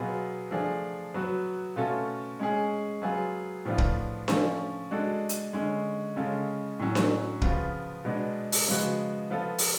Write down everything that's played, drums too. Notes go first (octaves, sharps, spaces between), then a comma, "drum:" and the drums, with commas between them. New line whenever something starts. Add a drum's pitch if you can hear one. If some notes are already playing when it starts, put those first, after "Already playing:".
Already playing: B2 F#3 B3 F4 G#4
F3 A3 D4 G#4
F#3 B3 F#4
B2 A3 C#4 F4 A4
G#3 C#4 G#4
F#3 B3 F4 G#4
A2 F3 B3 D4 F4
drum: kick
F3 A3 C#4, drum: snare D4
G#3 D4 F#4 A4
drum: hi-hat
D3 G#3 C#4
C#3 G#3 C#4 F4 A4
A2 F#3 C#4 F#4
drum: snare D4
C#3 F3 B3 F4, drum: kick
B2 G#3 B3 D4
drum: open hi-hat
C#3 F3 G#3 B3 F#4
F3 B3 F4 A4
drum: open hi-hat